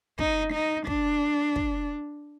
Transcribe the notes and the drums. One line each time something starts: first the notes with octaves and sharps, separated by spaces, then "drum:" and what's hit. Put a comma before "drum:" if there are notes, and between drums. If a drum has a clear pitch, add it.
D#4, drum: kick
D#4
D4, drum: kick
drum: kick